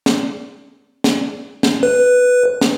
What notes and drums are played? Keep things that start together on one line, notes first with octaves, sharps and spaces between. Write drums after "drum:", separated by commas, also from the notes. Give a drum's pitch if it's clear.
drum: snare
drum: snare
drum: snare
B4
drum: snare